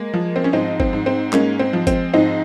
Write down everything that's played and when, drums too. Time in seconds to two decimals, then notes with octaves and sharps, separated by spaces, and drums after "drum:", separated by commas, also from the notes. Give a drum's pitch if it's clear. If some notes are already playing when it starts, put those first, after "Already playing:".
Already playing: G#3 A#3
0.14 F3
0.36 C4
0.44 C#4
0.53 G#2 C4 D#4
0.80 C4, drum: kick G1
0.93 G#2
1.06 C4
1.33 G#3 A#3 C#4, drum: clap
1.59 C4
1.73 F3
1.87 C4, drum: kick G1, hi-hat
2.13 G#2 C4 D#4